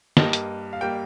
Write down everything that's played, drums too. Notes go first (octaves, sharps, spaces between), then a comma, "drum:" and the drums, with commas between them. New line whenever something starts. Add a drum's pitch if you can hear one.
G2 G3 A#3 D#5, drum: snare
drum: hi-hat
F5
G3 A#3 G5